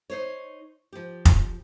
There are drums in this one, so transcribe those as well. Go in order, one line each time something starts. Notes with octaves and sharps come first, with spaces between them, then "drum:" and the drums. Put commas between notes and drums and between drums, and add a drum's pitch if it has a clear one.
D#4 C5 C#5
F3 G4
drum: kick F1